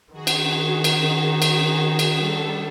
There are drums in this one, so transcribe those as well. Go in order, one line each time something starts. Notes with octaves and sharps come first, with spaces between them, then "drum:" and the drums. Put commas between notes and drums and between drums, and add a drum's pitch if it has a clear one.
D#3 F#4 G#4
drum: cymbal
drum: cymbal
drum: cymbal
drum: cymbal
G3 A4